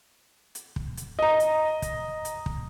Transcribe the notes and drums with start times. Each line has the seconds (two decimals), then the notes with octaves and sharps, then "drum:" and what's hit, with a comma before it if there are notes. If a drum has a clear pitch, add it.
0.55 drum: hi-hat
0.76 drum: kick
0.97 drum: hi-hat
1.19 D#5 A#5
1.40 drum: hi-hat
1.82 drum: kick, hi-hat
2.25 drum: hi-hat
2.46 drum: kick